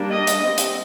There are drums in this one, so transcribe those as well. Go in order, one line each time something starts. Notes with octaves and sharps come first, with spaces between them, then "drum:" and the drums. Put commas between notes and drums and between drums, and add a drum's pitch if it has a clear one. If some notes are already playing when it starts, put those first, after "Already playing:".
Already playing: G3 A#3 D4
D#5
drum: hi-hat
G3 C4 D#5
drum: hi-hat